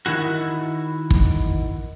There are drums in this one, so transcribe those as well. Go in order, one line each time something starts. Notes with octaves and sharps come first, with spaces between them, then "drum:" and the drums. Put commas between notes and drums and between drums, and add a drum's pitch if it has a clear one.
D#3 E4 F#4
drum: kick